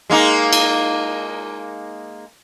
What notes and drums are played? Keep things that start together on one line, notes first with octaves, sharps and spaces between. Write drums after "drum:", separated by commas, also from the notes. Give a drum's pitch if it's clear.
G#3 A#3 D#4
drum: cymbal